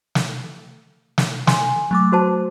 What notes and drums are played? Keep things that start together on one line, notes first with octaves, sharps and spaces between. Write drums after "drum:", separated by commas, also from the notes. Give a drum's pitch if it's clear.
drum: snare
drum: snare
G#5 C6, drum: snare
F#3 A3 D6
F#4 C5 A5